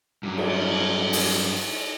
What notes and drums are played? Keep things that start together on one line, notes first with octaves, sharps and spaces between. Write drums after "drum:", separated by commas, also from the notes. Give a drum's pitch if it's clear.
G2 F#3
drum: cymbal
drum: open hi-hat